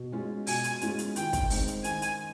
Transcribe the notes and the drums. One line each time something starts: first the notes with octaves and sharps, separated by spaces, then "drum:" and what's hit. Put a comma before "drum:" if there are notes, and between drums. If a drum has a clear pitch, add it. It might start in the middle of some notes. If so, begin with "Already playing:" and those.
Already playing: B2
G#3 C#4 F4
B2 G#5, drum: open hi-hat
drum: hi-hat
G#3 C#4 F4, drum: hi-hat
drum: hi-hat
D#3 G5, drum: hi-hat
drum: kick, hi-hat
G#3 C4 D#4, drum: open hi-hat
drum: hi-hat
D#3 G#5, drum: hi-hat
drum: hi-hat